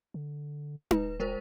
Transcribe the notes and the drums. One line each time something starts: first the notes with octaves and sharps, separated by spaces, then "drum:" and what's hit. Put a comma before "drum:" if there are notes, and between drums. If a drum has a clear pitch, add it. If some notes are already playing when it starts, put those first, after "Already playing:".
D3
D#1 B4, drum: tom D#4
G#3 A#4 C5